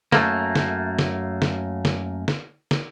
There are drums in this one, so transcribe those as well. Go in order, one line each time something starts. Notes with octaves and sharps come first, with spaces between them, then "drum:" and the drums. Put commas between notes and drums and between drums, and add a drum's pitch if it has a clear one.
F#2 A3 A#3, drum: snare
drum: snare
drum: snare
drum: snare
drum: snare
drum: snare
drum: snare